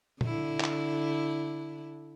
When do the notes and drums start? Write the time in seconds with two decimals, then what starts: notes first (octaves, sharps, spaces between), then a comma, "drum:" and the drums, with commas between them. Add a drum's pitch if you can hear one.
0.21 D3 E4, drum: tom A#2
0.61 drum: clap